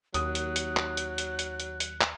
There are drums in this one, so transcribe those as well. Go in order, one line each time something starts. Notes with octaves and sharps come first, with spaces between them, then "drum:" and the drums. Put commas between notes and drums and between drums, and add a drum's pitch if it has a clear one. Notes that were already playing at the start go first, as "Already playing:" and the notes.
D#2 F#3 D#6 F#6, drum: hi-hat
drum: hi-hat
drum: hi-hat
drum: clap
drum: hi-hat
drum: hi-hat
drum: hi-hat
drum: hi-hat
drum: hi-hat
drum: clap